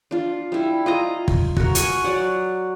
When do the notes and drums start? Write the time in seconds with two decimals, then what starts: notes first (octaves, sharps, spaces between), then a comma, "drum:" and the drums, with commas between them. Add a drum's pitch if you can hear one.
0.11 D4 F4
0.52 G3 E4
0.86 F4 D#5 A#5
1.28 drum: kick
1.57 F#4 A#4, drum: kick
1.75 G#5 C#6, drum: hi-hat
2.04 F#3 D5 F#5